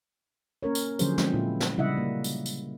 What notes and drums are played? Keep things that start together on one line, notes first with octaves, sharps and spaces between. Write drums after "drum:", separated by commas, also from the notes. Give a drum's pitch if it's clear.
A#3 C#4 A#4 C#5
drum: tambourine
D3 F3 F#3 C#4 G#4 C5, drum: tambourine
F3 G#3 C4 C#4, drum: snare
A#2 E4
drum: snare
C#3 G3 E4 D#5 E5 F#5
A#3
drum: tambourine
drum: tambourine